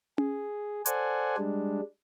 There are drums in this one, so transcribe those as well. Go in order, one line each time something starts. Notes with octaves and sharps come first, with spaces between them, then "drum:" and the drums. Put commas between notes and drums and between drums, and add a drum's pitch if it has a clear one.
G#4, drum: tom C#4
A4 C5 D5 F#5 G#5, drum: hi-hat
G3 G#3 D4